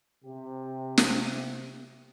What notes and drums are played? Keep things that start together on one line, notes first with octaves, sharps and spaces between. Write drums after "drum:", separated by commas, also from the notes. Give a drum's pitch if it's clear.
C3 G4
drum: snare